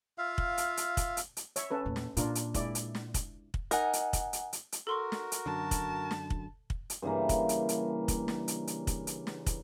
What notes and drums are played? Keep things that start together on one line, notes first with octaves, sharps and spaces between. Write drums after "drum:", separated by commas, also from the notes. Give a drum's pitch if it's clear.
F4 E5 F5
drum: kick
drum: hi-hat
drum: hi-hat
drum: kick, hi-hat
drum: hi-hat
drum: hi-hat
C#5 E5, drum: hi-hat
C#4 A4 B4
E2 A#2
drum: snare
A#2 D4 F4 A#4, drum: hi-hat
drum: hi-hat
G#3 E4 D5, drum: kick, hi-hat
drum: hi-hat
drum: snare
drum: kick, hi-hat
drum: kick
D#4 A#4 F#5 G#5, drum: hi-hat
drum: hi-hat
drum: kick, hi-hat
drum: hi-hat
drum: hi-hat
drum: hi-hat
F#4 A4 A#4 C6 C#6
drum: snare
drum: hi-hat
F#2 D3 A5
drum: kick, hi-hat
drum: snare
drum: kick
drum: kick
drum: hi-hat
G2 C#3 E3 A#3
drum: kick, hi-hat
drum: hi-hat
drum: hi-hat
drum: kick, hi-hat
drum: snare
drum: hi-hat
drum: hi-hat
drum: kick, hi-hat
drum: hi-hat
drum: snare
drum: kick, hi-hat